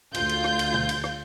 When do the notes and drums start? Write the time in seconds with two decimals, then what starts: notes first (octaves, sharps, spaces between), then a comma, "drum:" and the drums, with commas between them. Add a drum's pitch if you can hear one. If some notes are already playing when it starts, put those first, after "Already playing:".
0.14 D2 F4 G6, drum: cymbal
0.29 drum: cymbal
0.44 drum: rim click
0.59 drum: cymbal
0.74 drum: tom B2
0.89 drum: cymbal
1.04 drum: rim click